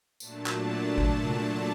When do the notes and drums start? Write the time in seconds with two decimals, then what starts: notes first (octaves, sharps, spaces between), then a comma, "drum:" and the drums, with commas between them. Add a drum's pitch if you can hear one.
0.20 A#2 F#3 A3 D4 A5, drum: tambourine
0.46 drum: clap
0.98 drum: kick G#1
1.23 drum: tom C3